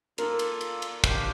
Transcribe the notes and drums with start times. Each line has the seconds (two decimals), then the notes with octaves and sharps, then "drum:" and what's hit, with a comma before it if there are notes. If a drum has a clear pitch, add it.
0.18 A#3 F4 A4 A#4, drum: cymbal
0.39 drum: cymbal
0.61 drum: cymbal
0.82 drum: cymbal
1.04 D4 G4 C5 F5, drum: kick, cymbal